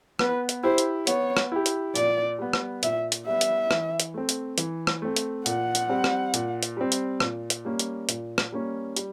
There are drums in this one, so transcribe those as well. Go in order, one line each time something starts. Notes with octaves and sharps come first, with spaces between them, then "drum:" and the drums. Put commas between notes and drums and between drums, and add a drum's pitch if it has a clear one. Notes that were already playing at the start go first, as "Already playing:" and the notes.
B3 B4, drum: rim click
drum: hi-hat
E4 G4 C5
drum: hi-hat
B3 C#5, drum: hi-hat
drum: rim click
E4 G4
drum: hi-hat
A#2 D5, drum: hi-hat
G3 B3
drum: rim click
A#2 E5, drum: hi-hat
drum: hi-hat
G3 B3 E5
drum: hi-hat
E3, drum: rim click
drum: hi-hat
A3 C4
drum: hi-hat
E3, drum: hi-hat
drum: rim click
A3 C4
drum: hi-hat
A#2 F#5, drum: hi-hat
drum: hi-hat
G3 C4
drum: rim click
A#2, drum: hi-hat
drum: hi-hat
G3 C4
drum: hi-hat
A#2, drum: rim click
drum: hi-hat
G3 A#3 C#4
drum: hi-hat
A#2, drum: hi-hat
drum: rim click
G3 A#3 C#4
G3, drum: hi-hat